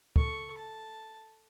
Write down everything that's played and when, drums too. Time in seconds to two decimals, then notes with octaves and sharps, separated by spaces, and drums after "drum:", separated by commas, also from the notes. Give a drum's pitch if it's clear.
0.16 A4 C#6, drum: kick
0.57 A5